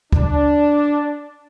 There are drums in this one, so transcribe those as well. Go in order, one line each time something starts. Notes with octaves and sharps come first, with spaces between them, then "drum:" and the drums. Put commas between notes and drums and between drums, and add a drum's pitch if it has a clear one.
D4, drum: kick D2